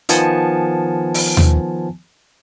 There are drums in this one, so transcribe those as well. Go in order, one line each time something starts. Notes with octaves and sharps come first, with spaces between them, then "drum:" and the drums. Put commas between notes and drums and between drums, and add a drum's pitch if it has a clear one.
D#3 F3 B3 G#5 A5 C#7, drum: hi-hat
drum: open hi-hat
drum: tom D#2